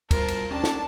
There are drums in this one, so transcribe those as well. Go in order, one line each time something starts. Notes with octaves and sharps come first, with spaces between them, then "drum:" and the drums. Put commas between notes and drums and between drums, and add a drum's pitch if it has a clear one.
G2 B2 F4 A#4 C5 A5, drum: kick, cymbal
drum: cymbal
C#4 D4 G4 G5 A5
drum: snare